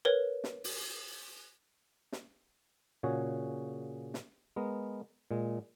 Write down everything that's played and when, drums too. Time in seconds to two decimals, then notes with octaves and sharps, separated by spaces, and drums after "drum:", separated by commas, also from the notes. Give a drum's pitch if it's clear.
0.05 A#4 B4 C#5
0.44 drum: snare
0.64 drum: open hi-hat
2.12 drum: snare
3.03 A#2 C#3 F#4 G#4 C#5
4.14 drum: snare
4.56 G#3 B3 A#4
5.31 A#2 G#3